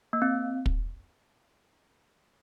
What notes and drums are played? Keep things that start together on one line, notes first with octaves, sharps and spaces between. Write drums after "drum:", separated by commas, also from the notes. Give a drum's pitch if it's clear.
A#3
C4
drum: kick